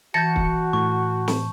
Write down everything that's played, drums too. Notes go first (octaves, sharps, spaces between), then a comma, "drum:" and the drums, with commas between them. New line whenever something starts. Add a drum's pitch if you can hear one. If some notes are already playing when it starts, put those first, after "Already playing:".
E3 F#4 A5 G6 A6 A#6 C#7
drum: kick
A2 C#6
drum: snare